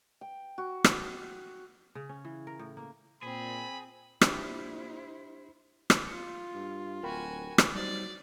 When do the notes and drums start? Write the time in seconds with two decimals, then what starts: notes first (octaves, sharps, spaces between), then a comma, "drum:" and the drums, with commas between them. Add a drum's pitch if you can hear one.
0.21 G5
0.58 F#4
0.84 drum: rim click
1.95 C#3
2.09 C#4
2.25 E3
2.47 A#4
2.59 A2
2.77 A#3
3.23 A#2 C4 G#4 B5
4.21 A#2 D4 E4 G4 C5, drum: rim click
5.90 drum: rim click
6.08 F4 C#7
6.55 G2
7.03 D1 F#4 A#4 G5 G#5 B5
7.58 drum: rim click
7.75 F#3 G3 D#4 C5 D5